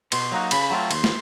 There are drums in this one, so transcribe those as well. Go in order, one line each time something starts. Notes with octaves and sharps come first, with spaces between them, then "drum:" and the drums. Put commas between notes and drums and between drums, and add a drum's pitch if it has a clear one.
B2 C6, drum: cymbal
F#3 A#3 D#4 F#4
C#3 B5, drum: cymbal
F#3 A3 C4 F4
D#2 C6, drum: cymbal
drum: snare